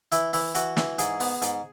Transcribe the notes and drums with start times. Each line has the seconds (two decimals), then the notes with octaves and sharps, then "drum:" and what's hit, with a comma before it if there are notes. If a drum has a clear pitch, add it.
0.12 E3 E4, drum: hi-hat
0.33 E3 E4, drum: open hi-hat
0.55 E3 F#4, drum: hi-hat
0.77 E3, drum: snare
0.98 G#2 G#4, drum: hi-hat
1.20 B3, drum: open hi-hat
1.42 G#2, drum: hi-hat